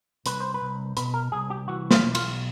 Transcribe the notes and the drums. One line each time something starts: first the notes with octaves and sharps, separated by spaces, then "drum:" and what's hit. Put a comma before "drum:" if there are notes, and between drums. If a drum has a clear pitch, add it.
C2 B4, drum: hi-hat
C5
B4
C2
B2 B4, drum: hi-hat
A#4
C2 G#4
G4
E3 F#4
F4, drum: snare
B1
F4, drum: cymbal